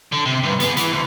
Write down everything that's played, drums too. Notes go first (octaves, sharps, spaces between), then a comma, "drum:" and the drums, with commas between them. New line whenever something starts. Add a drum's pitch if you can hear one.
D3
C3
D2 G2
B3 G#4, drum: hi-hat
E3, drum: hi-hat
D2